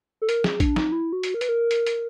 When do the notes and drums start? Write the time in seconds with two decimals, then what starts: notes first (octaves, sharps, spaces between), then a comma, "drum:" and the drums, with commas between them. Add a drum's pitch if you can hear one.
0.22 A4
0.29 A#4, drum: hi-hat
0.44 G#4, drum: snare
0.60 D4, drum: kick, hi-hat
0.76 D#4, drum: snare
0.92 E4
1.13 F#4
1.23 drum: hi-hat
1.34 A#4
1.41 B4, drum: hi-hat
1.49 A#4
1.71 drum: hi-hat
1.87 drum: hi-hat